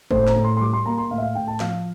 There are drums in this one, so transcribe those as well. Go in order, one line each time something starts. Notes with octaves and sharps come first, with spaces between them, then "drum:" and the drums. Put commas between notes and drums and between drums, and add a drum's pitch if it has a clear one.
A2 C5, drum: kick F#1
A#5, drum: snare
A2
C6
C6
G3 D6
C6
A#3 A#5
C6
A2 F5
E5
F5
A2 G5
A5
F3 F5, drum: snare